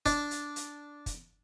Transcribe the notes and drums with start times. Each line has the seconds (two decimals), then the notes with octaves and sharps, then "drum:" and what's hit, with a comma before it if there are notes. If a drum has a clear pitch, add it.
0.06 D4, drum: kick, hi-hat
0.31 drum: hi-hat
0.56 drum: hi-hat
1.06 drum: kick, hi-hat